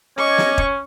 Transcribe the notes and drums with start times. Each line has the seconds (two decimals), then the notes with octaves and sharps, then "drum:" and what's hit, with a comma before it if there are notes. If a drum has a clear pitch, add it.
0.18 C#4 D#5 C#6 D6 G#6
0.38 drum: snare
0.58 drum: kick F1